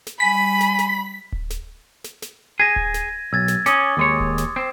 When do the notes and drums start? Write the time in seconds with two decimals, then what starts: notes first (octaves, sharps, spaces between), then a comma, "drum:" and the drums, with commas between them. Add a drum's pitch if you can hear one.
0.07 drum: snare
0.20 G3 G#5 B5 B6
0.61 drum: snare
0.79 drum: snare
1.32 drum: kick D1
1.50 drum: snare
2.04 drum: snare
2.22 drum: snare
2.60 G#4 G#6 A#6 D#7
2.76 drum: kick D1
2.94 drum: snare
3.33 B1 E6 G#6 A6
3.48 drum: snare
3.66 C#4 D6 D#6, drum: snare
3.97 D#2 G#3 C#5
4.20 drum: kick D1
4.38 drum: snare
4.56 C4